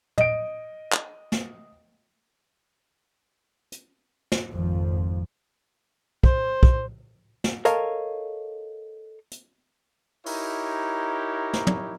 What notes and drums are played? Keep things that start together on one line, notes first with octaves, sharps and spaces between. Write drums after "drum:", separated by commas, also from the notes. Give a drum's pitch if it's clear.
D#5 D7, drum: tom
drum: clap
drum: snare
drum: hi-hat
drum: snare
G#1 F2 F3
C5, drum: kick
drum: kick
drum: snare
A4 A#4 C#5 D#5 F5, drum: hi-hat
drum: hi-hat
D#4 E4 G4 A#4 C#5, drum: open hi-hat
drum: snare
drum: tom